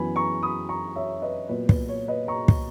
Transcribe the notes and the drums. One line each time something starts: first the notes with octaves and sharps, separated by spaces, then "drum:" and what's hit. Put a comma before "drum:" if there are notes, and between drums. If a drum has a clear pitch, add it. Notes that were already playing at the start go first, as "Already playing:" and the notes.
Already playing: F#2 E3 B3 G#5 B5
A#5 C#6
B5 D#6
A#5 C#6
C#5 E5
B4 D#5
A#2 F#3 B3 B4
B4, drum: kick
C#5
B4 D#5
A#5 C#6
drum: kick